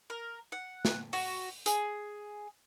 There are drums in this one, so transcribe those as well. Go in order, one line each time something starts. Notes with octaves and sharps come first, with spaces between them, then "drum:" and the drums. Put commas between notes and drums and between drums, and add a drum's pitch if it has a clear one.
A#4
F#5
drum: snare
F#4, drum: open hi-hat
G#4, drum: hi-hat